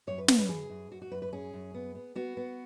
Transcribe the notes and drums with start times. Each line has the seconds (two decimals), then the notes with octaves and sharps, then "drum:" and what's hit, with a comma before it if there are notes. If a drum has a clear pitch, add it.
0.07 F#2 C#5
0.18 B4
0.28 C#4 B4, drum: snare
0.39 B4
0.49 F#2 G#4
0.70 F#2
0.91 F#2 F#4
1.02 F#4
1.11 F#2 B4
1.22 B4
1.33 C#4 G#4
1.53 F#2
1.74 B3
1.95 B3
2.15 B3 F#4
2.37 B3